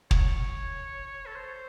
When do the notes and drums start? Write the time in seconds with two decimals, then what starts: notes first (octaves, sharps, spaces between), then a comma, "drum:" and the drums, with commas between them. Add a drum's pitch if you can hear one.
0.11 C#5, drum: kick
1.26 A4
1.35 C5